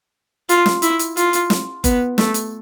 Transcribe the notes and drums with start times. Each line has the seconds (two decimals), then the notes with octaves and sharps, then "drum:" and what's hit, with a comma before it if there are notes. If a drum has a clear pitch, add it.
0.49 F4, drum: hi-hat
0.66 drum: snare
0.82 E4, drum: hi-hat
0.99 drum: hi-hat
1.17 F4, drum: hi-hat
1.33 drum: hi-hat
1.50 drum: snare
1.84 B3, drum: kick F#1, hi-hat
2.18 A3, drum: snare
2.34 drum: hi-hat